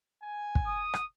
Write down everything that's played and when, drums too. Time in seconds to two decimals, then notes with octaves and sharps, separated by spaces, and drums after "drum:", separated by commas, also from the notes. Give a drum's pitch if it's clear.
0.23 G#5
0.55 drum: kick
0.67 D#6
0.94 drum: rim click